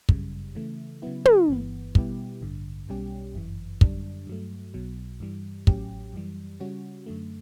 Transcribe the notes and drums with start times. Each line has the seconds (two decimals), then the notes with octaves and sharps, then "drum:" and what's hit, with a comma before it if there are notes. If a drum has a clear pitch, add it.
0.09 G1 F#2 C#3 G3, drum: kick
0.55 C#3 E3 A3
1.02 C#3 F#3 B3 E4
1.25 drum: tom
1.48 G1 G2 E3 B3
1.95 B2 G3 B3 E4 G4, drum: kick
2.41 A1 G2 D3
2.88 B1 B2 G3 C#4 G4
3.34 G1 F#2 E3
3.81 F#2 D3 G3 D4, drum: kick
4.27 G2 F#3 A3
4.74 B1 B2 F#3
5.20 G2 E3 G3
5.67 A1 A2 F#3 C#4 G4, drum: kick
6.13 F#2 E3 G3
6.60 C#3 G3 C#4 F#4
7.06 F#2 D3 A3